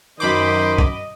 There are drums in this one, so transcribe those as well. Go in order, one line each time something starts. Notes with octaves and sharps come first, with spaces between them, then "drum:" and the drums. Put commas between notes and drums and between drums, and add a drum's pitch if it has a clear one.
F#2 D#3 C5 D#5 B5 D6
drum: kick